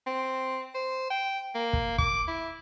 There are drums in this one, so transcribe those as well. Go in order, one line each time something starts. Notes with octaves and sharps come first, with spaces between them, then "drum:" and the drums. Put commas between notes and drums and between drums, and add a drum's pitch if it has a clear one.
C4
C5
G5
A#3
drum: kick
D6, drum: kick
E4